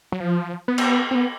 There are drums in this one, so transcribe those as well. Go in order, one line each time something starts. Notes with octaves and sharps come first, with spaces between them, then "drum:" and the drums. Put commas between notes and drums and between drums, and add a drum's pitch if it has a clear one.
F#3
F3
B3
drum: cymbal
C4
B3